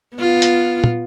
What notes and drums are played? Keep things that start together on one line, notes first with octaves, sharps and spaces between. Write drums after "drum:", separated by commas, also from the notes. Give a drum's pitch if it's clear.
B3 F4
drum: hi-hat
drum: tom